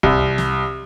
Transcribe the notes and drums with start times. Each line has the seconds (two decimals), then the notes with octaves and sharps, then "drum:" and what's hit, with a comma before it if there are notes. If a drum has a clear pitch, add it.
0.03 C2, drum: kick C#2
0.38 drum: snare